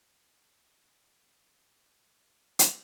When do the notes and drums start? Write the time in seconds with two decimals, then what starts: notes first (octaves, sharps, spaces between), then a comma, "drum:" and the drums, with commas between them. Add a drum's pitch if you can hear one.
0.16 D#6 E6
0.57 A6 C7
1.32 E6 G6 A6 B6 C#7 D7
1.68 D#6 F6 G6 C7
2.59 drum: hi-hat